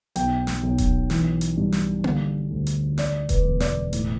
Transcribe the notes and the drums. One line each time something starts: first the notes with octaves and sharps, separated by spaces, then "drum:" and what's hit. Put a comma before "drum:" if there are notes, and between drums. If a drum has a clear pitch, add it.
B1 G5, drum: hi-hat
drum: snare
B1
drum: kick D#1, hi-hat
E3, drum: snare
drum: hi-hat
G2
drum: snare
D3, drum: tom A#3
D2
drum: hi-hat
D3 D5, drum: snare
B4, drum: kick D#1, hi-hat
E1
D5, drum: snare
A2, drum: hi-hat